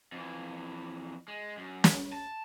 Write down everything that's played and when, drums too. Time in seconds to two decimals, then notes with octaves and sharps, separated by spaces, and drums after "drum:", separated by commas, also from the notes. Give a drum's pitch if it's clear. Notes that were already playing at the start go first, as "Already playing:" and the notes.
0.12 F2 E3
1.28 G#3
1.57 F#2
1.84 drum: snare
2.13 A5